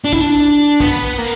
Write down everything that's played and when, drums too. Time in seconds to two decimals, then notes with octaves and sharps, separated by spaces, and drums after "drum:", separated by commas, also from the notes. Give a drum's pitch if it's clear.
0.05 D4
0.13 E4, drum: kick
0.21 D4
0.80 B3, drum: kick
1.18 A#3